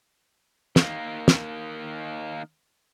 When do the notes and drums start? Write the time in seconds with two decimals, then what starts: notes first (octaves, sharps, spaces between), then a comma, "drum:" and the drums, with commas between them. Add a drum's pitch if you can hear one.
0.76 D#3 A#3, drum: snare
1.28 drum: snare